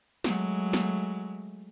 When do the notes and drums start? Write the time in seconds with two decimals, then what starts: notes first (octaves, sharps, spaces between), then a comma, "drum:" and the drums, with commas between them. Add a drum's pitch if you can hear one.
0.24 F#3 G#3 A3, drum: snare
0.73 drum: snare